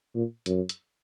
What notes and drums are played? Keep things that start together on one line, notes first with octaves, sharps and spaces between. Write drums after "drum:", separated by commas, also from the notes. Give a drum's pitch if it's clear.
A#2
F#2, drum: hi-hat
drum: hi-hat